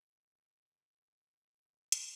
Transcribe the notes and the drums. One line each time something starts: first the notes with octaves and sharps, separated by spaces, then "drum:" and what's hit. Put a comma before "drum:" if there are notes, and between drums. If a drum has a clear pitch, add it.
F2
C5
C3
B4
F#4
G2
G4
E3
F4
D#4, drum: hi-hat